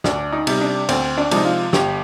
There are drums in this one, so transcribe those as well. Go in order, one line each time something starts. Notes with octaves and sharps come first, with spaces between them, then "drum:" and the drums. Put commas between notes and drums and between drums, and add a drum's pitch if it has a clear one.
D2 D4, drum: snare
D#4
C3 G3, drum: cymbal
D4
D2 C4, drum: cymbal
D4
C3 F3 G#3 D#4, drum: cymbal
F4
G1 G4, drum: snare